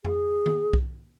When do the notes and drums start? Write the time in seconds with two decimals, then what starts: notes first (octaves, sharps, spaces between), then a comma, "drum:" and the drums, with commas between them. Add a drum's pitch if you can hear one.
0.04 G#4, drum: tom F2
0.46 drum: tom D#3
0.73 drum: kick B1